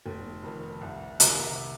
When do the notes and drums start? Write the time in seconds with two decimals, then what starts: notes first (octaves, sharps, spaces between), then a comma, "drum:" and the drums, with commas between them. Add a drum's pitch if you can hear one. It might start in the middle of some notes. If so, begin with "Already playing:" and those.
0.06 F1
0.42 F2 D#3
0.81 C2
1.20 C3 D#3, drum: hi-hat